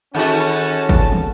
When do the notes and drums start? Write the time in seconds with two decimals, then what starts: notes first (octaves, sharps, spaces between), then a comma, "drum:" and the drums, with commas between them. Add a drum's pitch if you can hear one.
0.15 D#3 C#4 F#4 G#4 A4 F#5 A5
0.89 drum: kick
1.12 drum: tom